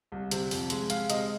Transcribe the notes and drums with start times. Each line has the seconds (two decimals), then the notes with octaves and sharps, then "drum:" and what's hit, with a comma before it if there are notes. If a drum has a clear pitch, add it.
0.12 C2
0.31 C3, drum: hi-hat
0.51 F2, drum: open hi-hat
0.70 G#3, drum: hi-hat
0.90 G#3 F5, drum: hi-hat
1.10 C3 D#5, drum: hi-hat